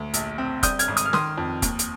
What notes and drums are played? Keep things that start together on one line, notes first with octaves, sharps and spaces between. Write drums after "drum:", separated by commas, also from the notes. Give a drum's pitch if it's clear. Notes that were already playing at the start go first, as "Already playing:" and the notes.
Already playing: D2
A#1, drum: hi-hat
C4
G3 D#6 G6, drum: kick, hi-hat
F6 G#6, drum: hi-hat
G#1
D#6, drum: hi-hat
F6
D#3 C6 D#6, drum: snare
F2
D#2, drum: kick, hi-hat
drum: hi-hat